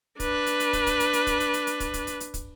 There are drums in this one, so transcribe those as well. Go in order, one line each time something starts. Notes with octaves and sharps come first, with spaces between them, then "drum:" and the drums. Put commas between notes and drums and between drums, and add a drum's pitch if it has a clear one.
D4 B4, drum: kick, hi-hat
drum: hi-hat
drum: hi-hat
drum: kick, hi-hat
drum: kick, hi-hat
drum: hi-hat
drum: hi-hat
drum: kick, hi-hat
drum: hi-hat
drum: hi-hat
drum: hi-hat
drum: kick, hi-hat
drum: kick, hi-hat
drum: hi-hat
drum: hi-hat
drum: kick, hi-hat